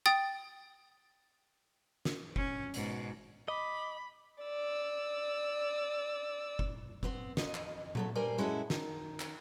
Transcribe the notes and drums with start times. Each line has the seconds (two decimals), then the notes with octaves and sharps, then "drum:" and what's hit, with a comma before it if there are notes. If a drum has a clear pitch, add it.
0.06 G5 D#6 A6
2.05 drum: snare
2.36 C#4, drum: kick F#1
2.74 G#2 B2, drum: hi-hat
3.48 D#5 B5 D6
4.44 D5 E6
6.59 drum: kick F#1
7.03 B3 C4 B4 C5, drum: kick F#1
7.37 F2 D#5, drum: snare
7.54 drum: clap
7.95 F#3 A3 A4, drum: tom A#2
8.15 G2 G3 A#4 C5 D5 G#5
8.38 F#2 G#3 C#4 E4 F#4 A4
8.70 D#3, drum: snare
9.20 drum: clap